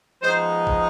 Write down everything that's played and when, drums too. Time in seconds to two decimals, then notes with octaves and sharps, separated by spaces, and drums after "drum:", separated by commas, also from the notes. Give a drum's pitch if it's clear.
0.22 F3 G#3 B3 D#4 C5
0.67 drum: kick